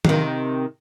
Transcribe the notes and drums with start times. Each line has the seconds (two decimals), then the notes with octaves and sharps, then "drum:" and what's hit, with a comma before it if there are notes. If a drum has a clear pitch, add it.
0.05 C3 D#3, drum: tom D#3